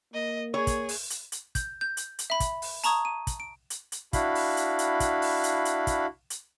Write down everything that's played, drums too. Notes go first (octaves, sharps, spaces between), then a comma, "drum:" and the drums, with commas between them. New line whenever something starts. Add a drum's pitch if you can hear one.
A#3 D#5
G#4 C#5
drum: kick, hi-hat
drum: open hi-hat
drum: hi-hat
drum: hi-hat
G6, drum: kick, hi-hat
G6
drum: hi-hat
drum: hi-hat
E5 B5
drum: kick, hi-hat
drum: open hi-hat
A5 A#5 C#6 D#6 G#6, drum: hi-hat
D#7
drum: kick, hi-hat
D7
drum: hi-hat
drum: hi-hat
D4 E4 F#4 F5 B5, drum: kick, hi-hat
drum: open hi-hat
drum: hi-hat
drum: hi-hat
drum: kick, hi-hat
drum: open hi-hat
drum: hi-hat
drum: hi-hat
drum: kick, hi-hat
drum: hi-hat